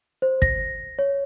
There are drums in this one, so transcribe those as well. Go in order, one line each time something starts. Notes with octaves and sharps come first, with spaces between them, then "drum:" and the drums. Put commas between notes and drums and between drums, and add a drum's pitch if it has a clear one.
C5
A#6, drum: kick
C#5